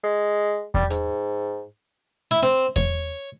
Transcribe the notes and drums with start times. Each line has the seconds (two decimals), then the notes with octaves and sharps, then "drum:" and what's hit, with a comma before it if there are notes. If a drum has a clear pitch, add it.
0.04 G#3
0.74 G3, drum: kick E2
0.90 G#2, drum: hi-hat
2.31 E4
2.43 C4
2.76 C#5, drum: kick E2